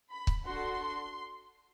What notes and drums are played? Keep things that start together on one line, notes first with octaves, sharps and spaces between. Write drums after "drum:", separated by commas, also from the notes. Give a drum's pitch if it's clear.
B5
drum: kick C#1
D4 F#4 A4 C6